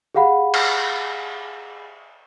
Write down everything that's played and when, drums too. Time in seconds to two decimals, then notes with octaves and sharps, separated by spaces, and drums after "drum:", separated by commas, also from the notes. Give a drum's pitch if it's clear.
0.15 G4 G#4 F5 F#5 B5
0.54 drum: cymbal